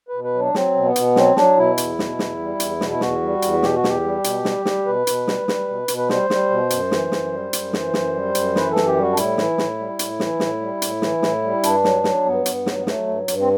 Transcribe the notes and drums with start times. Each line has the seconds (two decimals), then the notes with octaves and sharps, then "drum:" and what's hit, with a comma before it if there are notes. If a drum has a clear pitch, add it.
0.09 B4
0.14 B2
0.24 B4
0.35 F#3 D4
0.55 F#3 C4, drum: snare
0.75 B2
0.86 B3
0.96 B2, drum: hi-hat
1.16 F#3 C4, drum: snare
1.37 F#3 D4, drum: snare
1.57 B2 E4
1.78 E2, drum: hi-hat
1.99 B2, drum: snare
2.19 E2, drum: snare
2.39 G3
2.60 E2, drum: hi-hat
2.81 B2, drum: snare
2.90 E4
3.01 E2 F#4, drum: snare
3.22 G3
3.42 E2, drum: hi-hat
3.62 B2 G4, drum: snare
3.75 F#4
3.84 E2 G4, drum: snare
4.04 G3
4.24 B2, drum: hi-hat
4.45 G3, drum: snare
4.65 G3, drum: snare
4.86 B2 B4
5.07 B2, drum: hi-hat
5.27 G3, drum: snare
5.48 G3, drum: snare
5.69 B2
5.88 B2, drum: hi-hat
5.97 B4
6.10 G3 C5, drum: snare
6.30 G3, drum: snare
6.50 B2
6.70 F#2, drum: hi-hat
6.91 E3, drum: snare
7.12 F#2, drum: snare
7.32 G3
7.53 F#2, drum: hi-hat
7.73 E3, drum: snare
7.94 F#2, drum: snare
8.14 G3
8.35 F#2, drum: hi-hat
8.56 E3 B4, drum: snare
8.71 A4
8.76 F#2, drum: snare
8.86 G4
8.96 G3
9.02 F#4
9.13 D4
9.17 A2 E4, drum: hi-hat
9.38 E3, drum: snare
9.58 A2, drum: snare
9.79 G3
9.99 A2, drum: hi-hat
10.20 E3, drum: snare
10.40 A2, drum: snare
10.61 G3
10.82 A2, drum: hi-hat
11.02 E3, drum: snare
11.22 A2, drum: snare
11.43 G3
11.63 G2 D4, drum: hi-hat
11.84 F#3, drum: snare
12.04 F#3, drum: snare
12.25 G2 B3
12.46 G2, drum: hi-hat
12.66 F#3, drum: snare
12.78 B3
12.87 F#3 A3, drum: snare
13.08 G2
13.28 G2, drum: hi-hat
13.40 C4